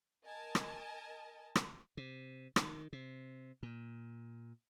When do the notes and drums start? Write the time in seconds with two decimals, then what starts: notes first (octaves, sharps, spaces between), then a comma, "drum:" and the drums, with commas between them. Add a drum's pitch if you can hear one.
0.25 A#4 D#5 G#5 A5
0.55 drum: rim click
1.55 drum: rim click
1.97 C3
2.56 D#3, drum: rim click
2.93 C3
3.63 A#2